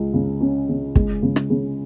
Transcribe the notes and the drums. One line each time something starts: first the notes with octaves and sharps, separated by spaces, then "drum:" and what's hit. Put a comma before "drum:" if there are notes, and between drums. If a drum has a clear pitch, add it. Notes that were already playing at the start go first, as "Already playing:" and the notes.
Already playing: C#2
C#3
C#4
C#3
G#3, drum: kick
C#3
drum: rim click
C#3